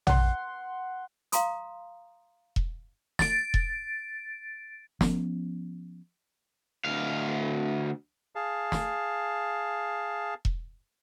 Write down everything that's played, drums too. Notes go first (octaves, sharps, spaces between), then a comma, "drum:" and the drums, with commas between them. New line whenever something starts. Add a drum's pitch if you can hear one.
F#5 C6, drum: tom
F5 A#5 C6 D#6, drum: hi-hat
drum: kick E1
A6 D7, drum: snare
drum: kick E1
F3 B3 C#4, drum: snare
D2 F5
G#4 F5 A5
drum: snare
drum: kick E1